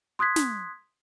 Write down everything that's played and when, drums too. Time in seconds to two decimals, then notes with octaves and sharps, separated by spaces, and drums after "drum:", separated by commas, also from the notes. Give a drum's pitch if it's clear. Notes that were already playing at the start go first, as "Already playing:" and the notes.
0.19 C6 D#6 F#6 G#6 B6
0.36 drum: snare